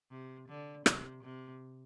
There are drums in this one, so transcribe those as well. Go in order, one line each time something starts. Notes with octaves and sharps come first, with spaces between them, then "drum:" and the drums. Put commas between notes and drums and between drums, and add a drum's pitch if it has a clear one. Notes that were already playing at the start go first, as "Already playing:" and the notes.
C3
D3
C3, drum: rim click
C3